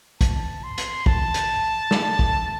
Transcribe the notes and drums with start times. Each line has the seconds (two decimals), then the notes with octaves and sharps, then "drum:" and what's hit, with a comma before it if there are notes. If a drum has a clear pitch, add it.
0.21 A5, drum: kick, hi-hat
0.63 C6
0.78 drum: hi-hat
1.06 A5, drum: kick
1.34 drum: hi-hat
1.91 drum: snare
2.19 drum: kick